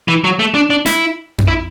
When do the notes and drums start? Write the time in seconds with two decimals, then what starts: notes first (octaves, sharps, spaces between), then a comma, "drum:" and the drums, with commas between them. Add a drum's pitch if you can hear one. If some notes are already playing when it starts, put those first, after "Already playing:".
0.08 E3
0.24 F#3
0.39 A3
0.54 D4
0.70 D4
0.86 E4, drum: snare
1.38 drum: tom F2
1.48 E4